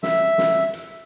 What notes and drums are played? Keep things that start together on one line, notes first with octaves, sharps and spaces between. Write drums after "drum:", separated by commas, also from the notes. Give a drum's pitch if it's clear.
E5, drum: snare
drum: snare
drum: hi-hat